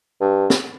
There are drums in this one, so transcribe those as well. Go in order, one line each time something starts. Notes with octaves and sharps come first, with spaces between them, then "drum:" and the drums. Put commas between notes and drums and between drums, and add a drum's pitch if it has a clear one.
G2
drum: snare